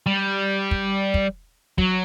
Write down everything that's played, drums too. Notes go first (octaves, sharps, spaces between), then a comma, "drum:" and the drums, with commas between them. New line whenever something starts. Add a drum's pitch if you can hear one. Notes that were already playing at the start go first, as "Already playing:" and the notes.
G3
drum: kick
drum: kick
F#3, drum: kick